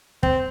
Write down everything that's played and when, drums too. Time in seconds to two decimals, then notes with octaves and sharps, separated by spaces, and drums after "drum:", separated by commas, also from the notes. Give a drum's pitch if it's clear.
0.23 C4, drum: kick